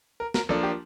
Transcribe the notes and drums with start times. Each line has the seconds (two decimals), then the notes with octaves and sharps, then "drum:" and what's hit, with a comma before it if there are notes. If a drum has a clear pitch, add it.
0.20 A#4
0.34 A#4, drum: snare
0.49 F3 A#3 D4 A4
0.63 G4